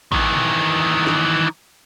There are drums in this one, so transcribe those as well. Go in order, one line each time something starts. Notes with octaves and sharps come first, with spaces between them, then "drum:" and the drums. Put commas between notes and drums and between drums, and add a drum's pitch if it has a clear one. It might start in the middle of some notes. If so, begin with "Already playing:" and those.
D#3 E3, drum: kick A1
drum: tom A#2
drum: snare